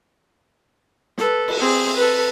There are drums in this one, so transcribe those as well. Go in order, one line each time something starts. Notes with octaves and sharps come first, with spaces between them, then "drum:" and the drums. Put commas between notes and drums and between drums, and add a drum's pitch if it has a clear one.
A4 B4, drum: snare
drum: cymbal
C4 G#4
A4 B4